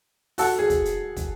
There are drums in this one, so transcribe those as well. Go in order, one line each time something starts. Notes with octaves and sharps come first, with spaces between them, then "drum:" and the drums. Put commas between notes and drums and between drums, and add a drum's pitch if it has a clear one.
F#4 A4, drum: open hi-hat
G#4
drum: kick, hi-hat
drum: hi-hat
drum: kick, hi-hat